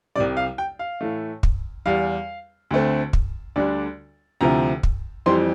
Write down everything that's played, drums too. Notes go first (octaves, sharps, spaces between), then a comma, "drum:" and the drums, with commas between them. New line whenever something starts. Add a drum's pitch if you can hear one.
C2 C3 G3 D5
F5
G5
F5
A2 E3 A3
drum: kick
E2 E3 G3 F5
D2 D3 A3 C4
drum: kick
D2 D3 G3 D4 D5
D2 C3 F3 C4 E4 A#5
drum: kick
F2 E3 G3 C4 C6